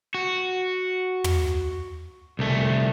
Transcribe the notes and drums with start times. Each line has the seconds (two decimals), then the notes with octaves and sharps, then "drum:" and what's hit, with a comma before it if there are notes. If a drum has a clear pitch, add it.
0.14 F#4
1.24 drum: tom
2.39 C2 A3